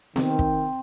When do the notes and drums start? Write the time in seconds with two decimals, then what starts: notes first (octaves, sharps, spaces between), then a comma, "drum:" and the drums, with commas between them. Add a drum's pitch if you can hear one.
0.16 D#3 C4, drum: snare B3
0.39 drum: kick